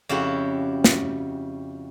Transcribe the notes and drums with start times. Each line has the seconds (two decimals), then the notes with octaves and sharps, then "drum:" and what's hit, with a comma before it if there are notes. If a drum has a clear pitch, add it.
0.09 F2 C#3 E4 F#4 G4
0.84 drum: snare